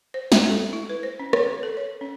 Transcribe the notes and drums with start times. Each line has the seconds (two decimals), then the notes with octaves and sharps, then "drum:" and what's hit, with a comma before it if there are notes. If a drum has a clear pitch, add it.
0.14 C5
0.32 E5, drum: snare
0.50 A4
0.73 E4
0.90 B4
1.03 C5
1.20 C#4
1.33 C#5, drum: rim click
1.49 B4
1.63 A4
1.77 C#5
2.01 C#4